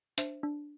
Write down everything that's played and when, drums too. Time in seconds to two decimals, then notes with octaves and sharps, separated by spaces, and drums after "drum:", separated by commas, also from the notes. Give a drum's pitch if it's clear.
0.18 D4 C5 E5, drum: hi-hat
0.43 D4